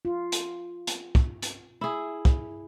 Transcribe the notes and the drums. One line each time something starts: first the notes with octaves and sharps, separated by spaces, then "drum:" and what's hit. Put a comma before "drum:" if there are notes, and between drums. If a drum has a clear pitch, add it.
F4
drum: hi-hat
drum: hi-hat
drum: kick
drum: hi-hat
E4 G#4
drum: kick